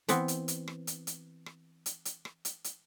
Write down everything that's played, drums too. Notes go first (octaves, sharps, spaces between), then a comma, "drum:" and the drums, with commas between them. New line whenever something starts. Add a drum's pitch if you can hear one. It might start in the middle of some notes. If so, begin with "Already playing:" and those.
E3 B3 C4, drum: hi-hat
drum: hi-hat
drum: hi-hat
drum: rim click
drum: hi-hat
drum: hi-hat
drum: rim click
drum: hi-hat
drum: hi-hat
drum: rim click
drum: hi-hat
drum: hi-hat